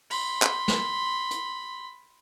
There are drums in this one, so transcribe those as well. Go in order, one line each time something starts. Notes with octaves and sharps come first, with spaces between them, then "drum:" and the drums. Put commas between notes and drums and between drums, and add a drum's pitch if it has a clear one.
B5 C6, drum: open hi-hat
drum: clap
drum: snare
drum: hi-hat